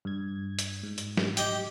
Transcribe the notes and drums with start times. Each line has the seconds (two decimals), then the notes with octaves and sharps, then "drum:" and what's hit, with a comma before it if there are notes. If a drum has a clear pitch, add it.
0.05 G2 G#6
0.59 drum: hi-hat
0.83 G#2
0.98 drum: hi-hat
1.17 drum: snare
1.37 G4 D#5 G5, drum: hi-hat